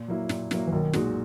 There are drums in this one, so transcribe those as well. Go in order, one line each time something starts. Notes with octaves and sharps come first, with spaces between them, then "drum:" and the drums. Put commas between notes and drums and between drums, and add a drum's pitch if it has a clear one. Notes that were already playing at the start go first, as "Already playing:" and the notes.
Already playing: A#2
F#3 A#3 E4
A#2, drum: snare
F#3 A#3 E4, drum: snare
E3
B1 D#3
A#2 G#3 D#4 F#4, drum: snare